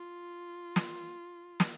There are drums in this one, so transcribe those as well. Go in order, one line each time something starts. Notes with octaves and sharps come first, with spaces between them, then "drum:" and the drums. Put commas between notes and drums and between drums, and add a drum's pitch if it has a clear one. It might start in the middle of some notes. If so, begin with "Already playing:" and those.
Already playing: F4
drum: snare
drum: snare